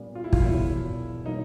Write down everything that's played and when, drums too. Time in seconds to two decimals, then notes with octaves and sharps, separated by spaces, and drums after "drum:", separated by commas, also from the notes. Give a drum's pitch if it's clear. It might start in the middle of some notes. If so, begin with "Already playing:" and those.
Already playing: A#2 G3 B3
0.15 F4
0.24 E4
0.33 F4, drum: kick
0.43 E2 B2 F#3 A#3 E4
1.26 B2 F#3 A#3 D#4